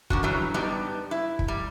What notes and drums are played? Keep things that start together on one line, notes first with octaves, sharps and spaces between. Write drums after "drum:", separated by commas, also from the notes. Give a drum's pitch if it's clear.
D#3 D4 F#4, drum: kick
C#3 E3 F#3 G3
G2 G3 B3 D#4
E4
drum: kick
G3